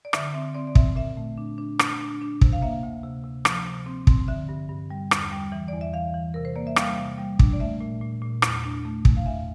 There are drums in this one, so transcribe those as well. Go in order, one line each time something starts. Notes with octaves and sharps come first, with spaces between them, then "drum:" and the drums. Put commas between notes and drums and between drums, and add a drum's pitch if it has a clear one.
D5
D3 E5, drum: rim click
C4 E5
C4 D5
D5
C4 E5, drum: kick
A#2 E5
A3
D4
D4
D4, drum: rim click
D4
D4
C3, drum: kick
F5
A#3 E5
D2
C3
C3
F3, drum: rim click
C3
C4
C4, drum: kick
D3 E5
G2
G2
G3
E2, drum: rim click
G3
E3
E2 D5
E5
E3 F5
E3
C3 A#4
C5
A#3 D5
E5
G3 F5, drum: rim click
C3
G3
D4, drum: kick
D5
A3 E5
A#2
A#2
A#2
E2, drum: rim click
D4
A3
E2, drum: kick
F5
E2 E5